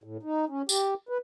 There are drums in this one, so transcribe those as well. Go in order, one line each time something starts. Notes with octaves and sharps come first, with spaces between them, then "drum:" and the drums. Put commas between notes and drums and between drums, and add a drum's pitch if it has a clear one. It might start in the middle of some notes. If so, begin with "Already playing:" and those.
A2
D#4
C#4
G4, drum: tambourine
B4